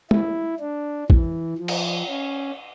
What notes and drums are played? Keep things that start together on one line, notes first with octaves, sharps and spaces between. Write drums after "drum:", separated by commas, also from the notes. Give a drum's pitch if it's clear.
E4, drum: tom
D4
E3, drum: kick
F3
drum: cymbal
C#4